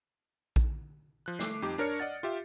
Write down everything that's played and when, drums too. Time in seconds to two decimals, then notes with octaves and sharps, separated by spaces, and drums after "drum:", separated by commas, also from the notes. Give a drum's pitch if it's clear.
0.56 drum: kick A#1
1.26 F3 F#6
1.39 A3 D6 C7, drum: snare
1.62 F2 D#4 G4 D6
1.78 D4 A#4 C#5 F6 C#7
1.99 D5 D#5 F#5 A6
2.23 F4 G4 E5